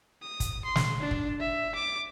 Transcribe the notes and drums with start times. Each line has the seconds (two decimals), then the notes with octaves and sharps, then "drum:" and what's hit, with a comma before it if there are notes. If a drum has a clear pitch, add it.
0.22 D#6
0.40 drum: kick, hi-hat
0.65 C6
0.76 drum: snare
1.01 D4
1.11 drum: kick
1.40 E5
1.75 D6